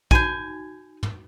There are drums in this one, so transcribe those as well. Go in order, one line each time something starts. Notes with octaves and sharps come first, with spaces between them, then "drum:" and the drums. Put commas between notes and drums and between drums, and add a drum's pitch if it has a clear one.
D#4 F#4 G#5 G6 G#6, drum: kick
drum: tom